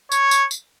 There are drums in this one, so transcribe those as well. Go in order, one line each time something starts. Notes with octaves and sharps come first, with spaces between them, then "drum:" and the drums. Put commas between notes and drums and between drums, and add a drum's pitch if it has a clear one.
C#5, drum: tambourine
drum: tambourine
drum: tambourine